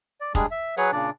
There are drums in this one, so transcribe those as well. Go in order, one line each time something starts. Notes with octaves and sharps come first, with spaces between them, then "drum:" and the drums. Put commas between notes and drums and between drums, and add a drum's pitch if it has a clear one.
D5
G3 G#3 D4 G#4, drum: kick F1, hi-hat
E5
F#3 G#4 B4 C#5 F#5, drum: hi-hat
A#2 C#3 D4 D5